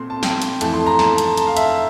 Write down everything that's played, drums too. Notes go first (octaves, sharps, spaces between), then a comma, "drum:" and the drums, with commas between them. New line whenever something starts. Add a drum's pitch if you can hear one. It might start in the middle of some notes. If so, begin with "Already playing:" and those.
Already playing: A#2 A3 C4 C6
A5
G5, drum: snare
drum: hi-hat
F2 E3 A3 A5, drum: hi-hat
C6
A#5
A5, drum: snare
drum: hi-hat
A5, drum: hi-hat
F5
E5, drum: hi-hat